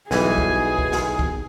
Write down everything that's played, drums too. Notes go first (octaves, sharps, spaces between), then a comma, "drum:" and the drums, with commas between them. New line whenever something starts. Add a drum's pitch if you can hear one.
B1 E2 D#3 E3 G3 G#4 G#5, drum: snare
drum: kick
drum: kick
drum: snare
drum: kick